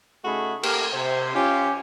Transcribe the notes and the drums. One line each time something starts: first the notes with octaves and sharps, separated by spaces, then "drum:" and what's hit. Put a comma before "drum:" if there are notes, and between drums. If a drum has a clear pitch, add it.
C#3 A3 D#4 F#4 G#4 B5
A#3 G4 A4 A#4, drum: cymbal
C3 C5
C#4 F4 G4